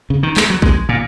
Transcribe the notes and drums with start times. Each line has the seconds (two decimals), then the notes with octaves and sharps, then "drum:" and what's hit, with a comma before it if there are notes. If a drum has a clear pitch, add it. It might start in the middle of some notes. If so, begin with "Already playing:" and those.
0.10 C#3
0.23 D#3
0.37 G#3, drum: clap
0.50 F#3
0.62 G#3, drum: kick A1
0.89 A#2